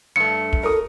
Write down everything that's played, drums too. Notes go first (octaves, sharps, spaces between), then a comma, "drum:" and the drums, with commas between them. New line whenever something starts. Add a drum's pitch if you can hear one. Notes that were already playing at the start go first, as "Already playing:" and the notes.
G2 A3 C#7
drum: kick
A4 A#4 D#6